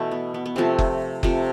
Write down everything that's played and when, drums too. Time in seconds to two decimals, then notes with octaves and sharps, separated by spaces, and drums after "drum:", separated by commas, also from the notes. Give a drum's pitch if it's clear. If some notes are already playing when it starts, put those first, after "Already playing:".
Already playing: B2 E3 A3 E4
0.11 B3
0.34 B3
0.46 B3
0.56 C3 F3 A3 C4
0.79 drum: kick F#1
1.23 C3 F3 A3, drum: kick F#1